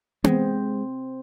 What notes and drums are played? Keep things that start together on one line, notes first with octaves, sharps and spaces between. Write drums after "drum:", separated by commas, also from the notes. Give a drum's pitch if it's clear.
G#3 C4, drum: tom B3